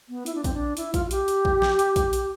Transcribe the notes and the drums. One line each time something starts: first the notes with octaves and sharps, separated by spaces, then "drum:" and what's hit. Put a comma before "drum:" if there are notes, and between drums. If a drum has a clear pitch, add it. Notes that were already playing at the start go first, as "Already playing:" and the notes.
B3
E4, drum: hi-hat
D4
C4, drum: kick A#1, hi-hat
D4
E4, drum: hi-hat
F4, drum: kick A#1, hi-hat
F4
G4, drum: hi-hat
drum: hi-hat
drum: kick A#1
drum: snare
drum: hi-hat
drum: kick A#1, hi-hat
drum: hi-hat